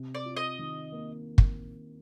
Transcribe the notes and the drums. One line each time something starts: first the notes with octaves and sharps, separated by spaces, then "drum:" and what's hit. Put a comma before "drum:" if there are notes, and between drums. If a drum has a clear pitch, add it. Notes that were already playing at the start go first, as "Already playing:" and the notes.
Already playing: C3
D5
F4
D#5
D#3
A#3
drum: kick